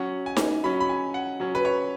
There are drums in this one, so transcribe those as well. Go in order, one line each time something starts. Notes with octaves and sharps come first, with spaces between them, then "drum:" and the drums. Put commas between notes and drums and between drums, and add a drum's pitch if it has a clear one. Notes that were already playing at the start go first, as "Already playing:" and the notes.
Already playing: F#3 C#4 F#5
G#5
drum: snare D#4
F#3 C#4 B5
B5
G#5
F#5
F#3 C#4
B4
C#5